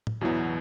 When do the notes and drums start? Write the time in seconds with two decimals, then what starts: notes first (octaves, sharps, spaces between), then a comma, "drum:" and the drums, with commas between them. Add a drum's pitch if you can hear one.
0.07 drum: tom A2
0.21 E2 B2 E3 F#3 B3